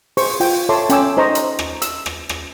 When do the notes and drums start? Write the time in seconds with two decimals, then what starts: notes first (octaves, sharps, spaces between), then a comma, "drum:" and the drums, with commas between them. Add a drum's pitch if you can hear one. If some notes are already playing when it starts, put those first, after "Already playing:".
0.17 G#4 C5 C#6, drum: open hi-hat
0.40 F4 G5, drum: open hi-hat
0.69 A4 C#5 E5 A5 C6 D6
0.90 C#4 G5 G#5 D6 E6, drum: hi-hat
1.17 D#4 C5 D#5 A#5 C#6
1.35 drum: hi-hat
1.59 drum: rim click
1.82 E6, drum: hi-hat
2.06 drum: rim click
2.29 drum: rim click